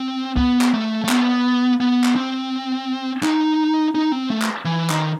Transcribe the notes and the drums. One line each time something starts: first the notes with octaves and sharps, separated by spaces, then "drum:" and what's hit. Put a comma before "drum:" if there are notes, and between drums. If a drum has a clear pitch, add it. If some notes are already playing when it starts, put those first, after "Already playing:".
Already playing: C4
B3, drum: kick
drum: clap
A3
A3
B3, drum: clap
B3
drum: clap
C4
D#4, drum: clap
D#4
C4
A3
drum: clap
E3
D#3, drum: clap